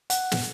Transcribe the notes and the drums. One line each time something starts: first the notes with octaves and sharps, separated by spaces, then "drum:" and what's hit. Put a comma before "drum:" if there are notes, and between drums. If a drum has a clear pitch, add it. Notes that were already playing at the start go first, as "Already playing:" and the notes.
F#5, drum: hi-hat
drum: snare